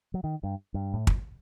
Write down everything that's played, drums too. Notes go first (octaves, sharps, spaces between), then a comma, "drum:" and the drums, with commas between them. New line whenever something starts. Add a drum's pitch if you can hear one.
F#3
D#3
G2
G2
A2
drum: kick